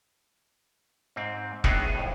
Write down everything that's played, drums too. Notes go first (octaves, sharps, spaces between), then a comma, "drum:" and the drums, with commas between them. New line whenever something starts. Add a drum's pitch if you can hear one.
G#2 C4
A2 F#3 B3 D4 D#4 G#4, drum: kick E1
F2 A2